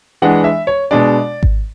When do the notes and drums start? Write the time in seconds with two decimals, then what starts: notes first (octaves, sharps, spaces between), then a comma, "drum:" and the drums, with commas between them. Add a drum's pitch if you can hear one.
0.22 E3 G#3 D4 F#5
0.44 E5
0.67 C#5
0.91 B2 G#3 D4 D5
1.43 drum: kick G#1